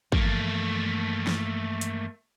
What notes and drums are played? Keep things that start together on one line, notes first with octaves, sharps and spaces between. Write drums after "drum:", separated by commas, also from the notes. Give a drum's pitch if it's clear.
G2 E3 F3 A3 A#3, drum: kick
drum: snare
drum: hi-hat